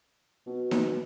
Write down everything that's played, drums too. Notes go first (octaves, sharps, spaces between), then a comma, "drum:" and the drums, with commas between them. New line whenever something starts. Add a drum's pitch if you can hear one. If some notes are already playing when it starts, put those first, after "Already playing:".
B2
drum: snare D#4